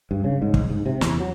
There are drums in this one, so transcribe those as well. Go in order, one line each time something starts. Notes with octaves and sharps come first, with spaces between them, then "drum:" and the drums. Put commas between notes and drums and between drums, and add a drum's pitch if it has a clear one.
G2
C#3
G#2
drum: kick
G#2
C3
E2, drum: snare
F#3